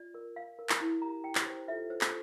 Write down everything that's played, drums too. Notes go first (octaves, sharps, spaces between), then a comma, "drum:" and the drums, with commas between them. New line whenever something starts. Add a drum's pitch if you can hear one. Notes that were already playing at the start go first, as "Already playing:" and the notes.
Already playing: F4 D5
A#4
F5
A#4
drum: clap
E4
G4 A#4 A#5
G5
drum: clap
C5
F4 A4 E5
C5
drum: clap